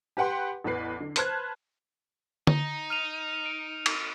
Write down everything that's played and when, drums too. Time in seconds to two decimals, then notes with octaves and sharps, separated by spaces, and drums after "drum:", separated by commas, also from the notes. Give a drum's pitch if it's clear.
0.17 G4 B4 F#5 G5 C6
0.64 A1 E2 B4 C7
1.00 D3
1.16 B4 C5 A5 F6 F#6 G#6, drum: hi-hat
2.47 D#4, drum: tom
2.90 F6 D#7 F7
3.46 D7
3.86 drum: cymbal